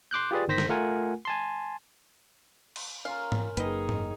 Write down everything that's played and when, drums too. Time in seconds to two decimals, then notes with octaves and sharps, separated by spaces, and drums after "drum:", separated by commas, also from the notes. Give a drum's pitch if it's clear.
0.11 C6 D6 F#6 G6
0.31 F4 G4 G#4 B4 D5
0.48 G1 D#3 C5 A#6 B6
0.58 drum: snare
0.69 A3 F4 A#4 F#5 G#5
1.25 G#5 A5 C6
2.76 drum: cymbal
3.05 C#4 F4 A#4 F5
3.32 drum: tom G#2
3.57 F#1 F#2 A#3 D#4 G#4 B4 D#5 G5, drum: hi-hat
3.89 drum: tom G#2